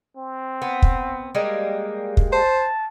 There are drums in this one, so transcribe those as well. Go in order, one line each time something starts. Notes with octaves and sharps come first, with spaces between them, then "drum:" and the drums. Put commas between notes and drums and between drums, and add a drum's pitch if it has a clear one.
C4
B3
drum: kick
G3 G#3 A#3
drum: kick
C5 A5